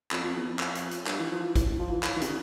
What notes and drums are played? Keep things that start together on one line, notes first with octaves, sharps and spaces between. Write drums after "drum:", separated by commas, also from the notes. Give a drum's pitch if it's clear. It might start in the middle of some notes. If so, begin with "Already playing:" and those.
F2, drum: clap
F2
E2
F2
drum: clap
drum: hi-hat
drum: hi-hat
G2, drum: clap
E3
F3
E3
E3, drum: kick, hi-hat
F3
E3
drum: clap
E3
C3, drum: hi-hat
D3